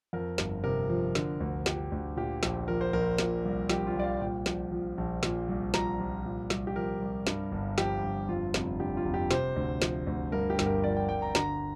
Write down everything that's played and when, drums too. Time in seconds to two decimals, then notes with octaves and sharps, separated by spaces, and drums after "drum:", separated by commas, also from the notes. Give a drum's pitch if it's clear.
0.13 F2 A#4
0.38 G1, drum: snare
0.64 C3 A#4
0.89 F3
1.15 D3, drum: snare
1.40 D2
1.66 F3 G4, drum: snare
1.92 D2
2.17 A#2 G4
2.43 A#1, drum: snare
2.68 F3 A#4
2.81 C5
2.93 A#1 A#4
3.18 A#2, drum: snare
3.45 C2
3.70 F3 G4, drum: snare
3.87 F4
3.95 C2 D5
4.04 F5
4.21 A#2 G5
4.46 A#1, drum: snare
4.72 F3
4.98 A#1
5.23 A#2, drum: snare
5.48 C2
5.74 F3 A#5, drum: snare
6.00 C2
6.25 A#2
6.50 C2, drum: snare
6.67 G4
6.76 F3 A#4
7.02 C2
7.27 G2, drum: snare
7.52 G1
7.78 F3 G4, drum: snare
8.04 G1
8.29 F2 F4
8.54 F1, drum: snare
8.80 D3 G4
8.97 F4
9.05 F1
9.14 G4
9.31 C3 C5, drum: snare
9.56 D2
9.82 F3, drum: snare
10.07 D2
10.32 G2 A#4
10.50 G4
10.59 G1, drum: snare
10.66 A#4
10.84 F3 D5
10.97 G5
11.09 G1 G5
11.22 A#5
11.35 D3 A#5, drum: snare